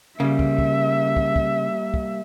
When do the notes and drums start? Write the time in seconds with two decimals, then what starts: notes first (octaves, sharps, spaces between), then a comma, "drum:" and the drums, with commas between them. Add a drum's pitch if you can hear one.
0.20 C#3 G3 A#3 E5
0.39 drum: kick
0.59 drum: kick
1.16 drum: kick
1.36 drum: kick
1.94 drum: kick